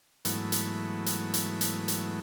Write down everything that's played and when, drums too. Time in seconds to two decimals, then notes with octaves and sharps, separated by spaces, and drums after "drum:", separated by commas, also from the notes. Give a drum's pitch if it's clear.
0.25 G#2 E3 F#3 A3 B3, drum: hi-hat
0.52 drum: hi-hat
1.06 drum: hi-hat
1.34 drum: hi-hat
1.61 drum: hi-hat
1.88 drum: hi-hat